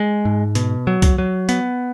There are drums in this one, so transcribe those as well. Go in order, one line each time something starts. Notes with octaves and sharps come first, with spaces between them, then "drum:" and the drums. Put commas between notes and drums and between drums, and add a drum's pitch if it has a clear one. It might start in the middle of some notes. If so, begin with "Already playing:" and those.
Already playing: G#3
G#2
B2, drum: hi-hat
F#3
drum: kick, hi-hat
F#3
B3, drum: hi-hat